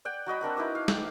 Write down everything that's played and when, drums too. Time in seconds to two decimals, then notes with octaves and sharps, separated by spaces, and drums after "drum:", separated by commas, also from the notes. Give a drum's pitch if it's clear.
0.05 D5 F#5 G5
0.26 F#3 F#4 D#5 B5
0.41 C4 D4 A#4 F#5
0.57 D#4 E4 B4 D6
0.75 F5
0.88 G5, drum: snare